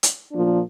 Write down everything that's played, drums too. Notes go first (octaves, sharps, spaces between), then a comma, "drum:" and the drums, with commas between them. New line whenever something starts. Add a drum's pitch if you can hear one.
drum: hi-hat
A#2 F3 A#3 D4